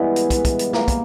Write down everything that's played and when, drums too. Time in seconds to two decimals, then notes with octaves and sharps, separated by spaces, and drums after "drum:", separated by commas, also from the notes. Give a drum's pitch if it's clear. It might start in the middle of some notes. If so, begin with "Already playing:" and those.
Already playing: G2 E3 G#3 B3
0.16 drum: hi-hat
0.30 drum: kick, hi-hat
0.45 drum: kick, hi-hat
0.59 drum: hi-hat
0.73 A#3, drum: snare
0.88 drum: kick, hi-hat